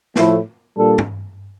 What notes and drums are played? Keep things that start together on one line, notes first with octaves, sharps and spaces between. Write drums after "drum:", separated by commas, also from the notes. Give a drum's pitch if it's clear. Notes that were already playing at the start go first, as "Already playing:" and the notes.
A2 F3 A3 E4, drum: snare
A#2 G3 D4 A4
drum: tom G2